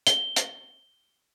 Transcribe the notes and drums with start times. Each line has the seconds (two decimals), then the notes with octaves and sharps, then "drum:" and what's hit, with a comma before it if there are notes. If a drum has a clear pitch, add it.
0.07 G7, drum: hi-hat
0.36 drum: hi-hat